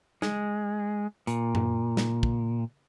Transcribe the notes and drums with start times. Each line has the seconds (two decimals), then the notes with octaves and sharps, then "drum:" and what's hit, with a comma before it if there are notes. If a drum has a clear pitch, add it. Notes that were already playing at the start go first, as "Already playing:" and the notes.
0.22 G#3, drum: snare
1.27 A#2, drum: hi-hat
1.55 drum: tom F#2
1.97 drum: snare
2.23 drum: kick